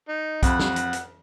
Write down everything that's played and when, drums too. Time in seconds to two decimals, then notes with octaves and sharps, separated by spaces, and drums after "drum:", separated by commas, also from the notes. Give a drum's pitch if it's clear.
0.08 D#4
0.43 F2 F#5 B5, drum: kick B1, hi-hat
0.59 drum: snare
0.76 drum: hi-hat
0.93 drum: hi-hat